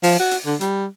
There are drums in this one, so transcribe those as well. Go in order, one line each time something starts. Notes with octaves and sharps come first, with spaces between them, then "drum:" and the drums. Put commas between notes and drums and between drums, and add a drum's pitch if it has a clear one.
F3, drum: open hi-hat
F#4
drum: hi-hat
D3
G3, drum: hi-hat